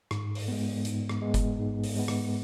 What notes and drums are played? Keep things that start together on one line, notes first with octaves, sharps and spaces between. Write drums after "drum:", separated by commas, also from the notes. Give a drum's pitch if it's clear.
G#2, drum: rim click
drum: open hi-hat
G#3 B3
G#2, drum: hi-hat
drum: rim click
G#3 B3
drum: kick F#1, hi-hat
G#2
drum: open hi-hat
G#3 B3
drum: rim click